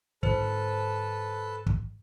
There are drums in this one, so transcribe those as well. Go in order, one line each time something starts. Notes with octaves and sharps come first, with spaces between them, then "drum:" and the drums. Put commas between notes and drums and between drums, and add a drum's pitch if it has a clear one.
G#2 D3 A4 B4 C5 A5, drum: kick
drum: kick